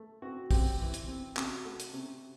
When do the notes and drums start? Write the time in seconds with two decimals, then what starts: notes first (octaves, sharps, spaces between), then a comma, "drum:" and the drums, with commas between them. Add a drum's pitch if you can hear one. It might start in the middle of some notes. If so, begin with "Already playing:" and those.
Already playing: A3
0.22 C4 F#4
0.51 C4 G4, drum: kick, open hi-hat
0.80 E3
0.94 drum: hi-hat
1.08 C4
1.36 C3 F#4, drum: clap
1.65 A3
1.80 drum: hi-hat
1.93 C3